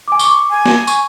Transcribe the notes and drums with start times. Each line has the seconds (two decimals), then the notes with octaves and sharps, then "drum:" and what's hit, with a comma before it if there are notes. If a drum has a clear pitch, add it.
0.08 G#5 D6
0.19 C#6 D6 G7, drum: tambourine
0.50 G#5
0.66 drum: snare
0.87 C#6, drum: tambourine